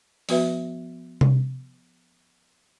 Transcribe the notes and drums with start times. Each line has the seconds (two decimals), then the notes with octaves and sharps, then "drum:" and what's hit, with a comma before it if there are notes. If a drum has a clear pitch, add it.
0.29 F3 B3 F#4 B4 E5, drum: open hi-hat
1.21 drum: tom C3